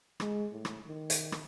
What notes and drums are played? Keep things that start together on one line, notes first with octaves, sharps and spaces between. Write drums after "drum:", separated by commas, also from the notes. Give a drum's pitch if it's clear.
G#3, drum: rim click
A2
drum: rim click
D#3
drum: hi-hat
drum: rim click